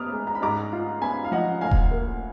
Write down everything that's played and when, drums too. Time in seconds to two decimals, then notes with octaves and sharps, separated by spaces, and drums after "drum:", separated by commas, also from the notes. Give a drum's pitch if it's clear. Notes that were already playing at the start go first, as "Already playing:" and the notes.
Already playing: B3 A#5 D6 D#6 F6
0.13 G#3
0.27 A#5
0.35 B5
0.42 G#2 A#5 D6
0.73 F4
1.02 B3 G#5 B5
1.25 F5
1.32 F3 D#5 F#5
1.61 D2 F5 G#5
1.71 drum: kick D#1
1.91 A#3